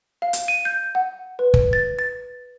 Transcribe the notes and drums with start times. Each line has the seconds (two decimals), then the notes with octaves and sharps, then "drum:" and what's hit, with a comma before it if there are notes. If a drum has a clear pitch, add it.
0.22 F5
0.33 drum: hi-hat
0.48 D#7
0.65 G6
0.95 F#5
1.39 B4
1.54 drum: kick
1.73 A6
1.99 A6